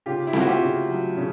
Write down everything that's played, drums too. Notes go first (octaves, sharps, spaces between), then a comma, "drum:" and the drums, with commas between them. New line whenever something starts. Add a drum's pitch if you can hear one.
C#3 F4 G4
E4
A3 F4, drum: snare C4
F#4
F4 G4
C#3
F#3
C#3